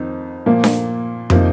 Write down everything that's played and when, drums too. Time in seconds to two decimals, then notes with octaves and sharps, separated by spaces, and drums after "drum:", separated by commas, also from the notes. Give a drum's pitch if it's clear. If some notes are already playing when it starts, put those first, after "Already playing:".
Already playing: F2 D#3 C4 D#4
0.46 A#2 F3 A#3
0.64 drum: snare D4
1.30 C3 F3 A#3 D#4, drum: tom